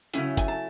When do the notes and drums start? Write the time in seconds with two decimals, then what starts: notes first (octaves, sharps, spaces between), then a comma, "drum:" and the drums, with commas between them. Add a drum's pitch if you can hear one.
0.14 C#3 F#3 A3 C#4 E4 G#5, drum: hi-hat
0.37 G#5, drum: kick, hi-hat
0.48 A5